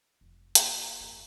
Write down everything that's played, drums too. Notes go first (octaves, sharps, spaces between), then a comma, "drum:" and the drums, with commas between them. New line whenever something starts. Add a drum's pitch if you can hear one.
F1
A#3 F4, drum: hi-hat
G1 F2